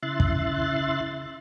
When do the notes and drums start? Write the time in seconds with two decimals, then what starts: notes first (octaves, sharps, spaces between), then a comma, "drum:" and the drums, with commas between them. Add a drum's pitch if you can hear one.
0.03 C#3 E4 E5 C6 F#6 A6
0.20 drum: kick